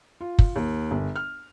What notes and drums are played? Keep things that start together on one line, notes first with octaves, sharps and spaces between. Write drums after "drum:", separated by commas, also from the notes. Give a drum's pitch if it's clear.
F4
drum: kick
D#2
G1
F6